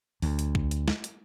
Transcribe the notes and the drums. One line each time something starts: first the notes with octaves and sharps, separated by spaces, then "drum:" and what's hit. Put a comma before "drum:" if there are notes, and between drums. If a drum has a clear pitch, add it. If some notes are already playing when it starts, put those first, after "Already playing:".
D2, drum: open hi-hat
drum: hi-hat
drum: kick B1
drum: hi-hat
drum: snare
drum: hi-hat